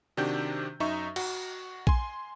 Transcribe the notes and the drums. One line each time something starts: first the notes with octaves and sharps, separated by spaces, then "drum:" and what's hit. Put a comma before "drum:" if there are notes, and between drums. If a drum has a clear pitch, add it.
C3 D#3 D4 F#4 G4 G6
F#2 D#4 E5 C#6
F#4, drum: cymbal
G#5 C6, drum: kick A#1